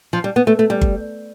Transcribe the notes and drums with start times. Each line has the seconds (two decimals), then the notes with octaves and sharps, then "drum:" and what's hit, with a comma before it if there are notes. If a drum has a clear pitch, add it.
0.13 F3
0.24 G3
0.36 B3
0.47 A3
0.59 A3
0.70 G3
0.81 drum: kick G1